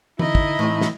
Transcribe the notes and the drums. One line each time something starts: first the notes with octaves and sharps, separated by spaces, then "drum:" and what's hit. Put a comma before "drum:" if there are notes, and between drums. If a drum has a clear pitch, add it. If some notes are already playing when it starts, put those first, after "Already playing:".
D3 D#4 E4 D#5 E5 B5, drum: tom E3
drum: kick
A2 E3 C4
drum: snare